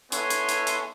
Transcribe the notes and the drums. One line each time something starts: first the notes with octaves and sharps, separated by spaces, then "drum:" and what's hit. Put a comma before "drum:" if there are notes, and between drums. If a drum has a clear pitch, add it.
B3 E4 A4 C#5 G#5 C6, drum: hi-hat
drum: hi-hat
drum: hi-hat
drum: hi-hat